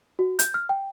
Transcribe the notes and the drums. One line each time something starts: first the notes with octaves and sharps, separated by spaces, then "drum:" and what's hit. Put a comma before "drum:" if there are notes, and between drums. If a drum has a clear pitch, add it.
F#4
G6, drum: hi-hat
F6
G5